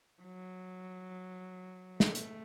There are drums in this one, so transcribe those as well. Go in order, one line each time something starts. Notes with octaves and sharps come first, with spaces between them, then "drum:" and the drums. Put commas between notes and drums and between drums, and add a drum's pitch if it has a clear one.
F#3
A3, drum: snare
drum: hi-hat